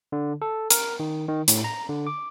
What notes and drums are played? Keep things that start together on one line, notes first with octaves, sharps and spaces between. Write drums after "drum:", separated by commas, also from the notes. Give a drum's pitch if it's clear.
D3
A4
A#4, drum: hi-hat
D#3
D#3
A2, drum: hi-hat
A#5
D3
D6